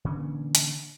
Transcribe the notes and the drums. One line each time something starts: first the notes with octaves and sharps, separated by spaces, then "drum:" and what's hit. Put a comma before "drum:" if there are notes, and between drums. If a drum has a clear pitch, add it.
A#2 D3 E3 C#4
drum: hi-hat